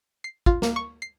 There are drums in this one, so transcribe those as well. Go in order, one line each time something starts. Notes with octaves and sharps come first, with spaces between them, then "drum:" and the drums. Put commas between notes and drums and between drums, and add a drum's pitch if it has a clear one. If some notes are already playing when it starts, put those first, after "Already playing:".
C7
F4, drum: kick
A#3, drum: snare
C#6
C7